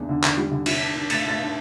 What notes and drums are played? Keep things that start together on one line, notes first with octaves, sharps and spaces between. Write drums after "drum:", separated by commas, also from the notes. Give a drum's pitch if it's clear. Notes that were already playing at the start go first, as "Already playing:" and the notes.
Already playing: E2 D4
D3
D3, drum: clap
G3
D3
C3, drum: cymbal
D4
D4
A3 A6, drum: cymbal
A3 A6
D4